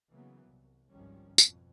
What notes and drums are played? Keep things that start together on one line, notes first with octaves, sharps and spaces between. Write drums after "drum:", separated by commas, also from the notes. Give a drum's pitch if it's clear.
C#3 E3 F#3 A#3 B3
C2
G#1 C#2 D#3 F3 G3 C#4
F2 B2, drum: tambourine